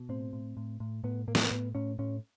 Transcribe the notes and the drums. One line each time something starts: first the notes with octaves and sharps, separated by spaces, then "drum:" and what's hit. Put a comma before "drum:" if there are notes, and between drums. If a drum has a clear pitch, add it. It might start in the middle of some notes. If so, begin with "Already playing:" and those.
Already playing: B2
A2 C4
A2
A2
A2
A2 B3
A2 A#3
A3, drum: snare
A#3
A2 B3
A2 C#4
A2 C#4